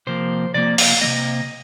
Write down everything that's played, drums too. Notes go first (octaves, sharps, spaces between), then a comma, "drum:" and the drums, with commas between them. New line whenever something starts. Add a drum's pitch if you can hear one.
C3 F3 A#3 C5
C3 F3 A#3 D5
F5, drum: open hi-hat
F3 A#3 D#5
C3